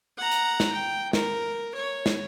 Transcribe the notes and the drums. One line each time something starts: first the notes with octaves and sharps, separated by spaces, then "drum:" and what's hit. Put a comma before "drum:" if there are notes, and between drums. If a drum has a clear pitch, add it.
F#5 A#5
drum: hi-hat
drum: snare
G5
A#4, drum: snare
C#5
drum: snare